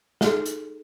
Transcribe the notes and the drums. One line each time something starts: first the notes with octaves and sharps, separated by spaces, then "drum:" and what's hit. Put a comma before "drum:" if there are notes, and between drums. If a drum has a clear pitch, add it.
D#4 G#4 A4, drum: snare
drum: hi-hat